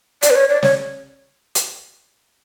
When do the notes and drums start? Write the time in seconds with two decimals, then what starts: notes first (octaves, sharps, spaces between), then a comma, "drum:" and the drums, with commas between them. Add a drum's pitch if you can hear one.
0.22 D5, drum: hi-hat
0.30 B4
0.36 C#5
0.49 D5
0.63 C#5, drum: snare
1.55 drum: hi-hat